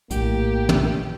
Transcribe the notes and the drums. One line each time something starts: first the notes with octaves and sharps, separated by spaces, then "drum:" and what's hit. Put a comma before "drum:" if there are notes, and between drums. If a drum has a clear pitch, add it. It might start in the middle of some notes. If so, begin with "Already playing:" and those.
A#1 A2 A#3 G4, drum: hi-hat
drum: tom